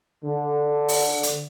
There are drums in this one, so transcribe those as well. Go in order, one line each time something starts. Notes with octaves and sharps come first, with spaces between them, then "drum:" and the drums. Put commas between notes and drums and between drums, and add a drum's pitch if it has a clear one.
D3
drum: open hi-hat
drum: hi-hat